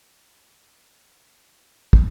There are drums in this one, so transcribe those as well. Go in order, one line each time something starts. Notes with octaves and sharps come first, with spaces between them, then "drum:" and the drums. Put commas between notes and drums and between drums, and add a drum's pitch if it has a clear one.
G3
C3
D#3
C3
D#3
drum: kick